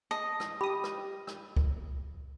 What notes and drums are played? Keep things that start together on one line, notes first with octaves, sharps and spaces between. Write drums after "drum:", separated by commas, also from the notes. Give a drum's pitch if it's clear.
D#5 A5
drum: rim click
G4 B5 D#6
drum: rim click
drum: rim click
drum: kick